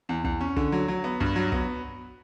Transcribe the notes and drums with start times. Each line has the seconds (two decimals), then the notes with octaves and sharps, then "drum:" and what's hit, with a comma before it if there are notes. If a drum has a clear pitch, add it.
0.09 E2
0.24 E2, drum: kick
0.41 C#4
0.57 D3, drum: kick
0.72 F#3
0.88 F#3
1.04 B3
1.20 G2, drum: kick
1.36 F#3
1.52 B3, drum: kick